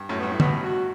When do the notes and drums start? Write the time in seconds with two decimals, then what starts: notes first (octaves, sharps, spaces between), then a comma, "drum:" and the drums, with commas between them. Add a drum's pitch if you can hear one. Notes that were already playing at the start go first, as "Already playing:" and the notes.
Already playing: G2
0.09 F#2 A2
0.17 B3
0.23 G2
0.31 A2
0.40 G2 B2 B3, drum: tom D3
0.63 F#4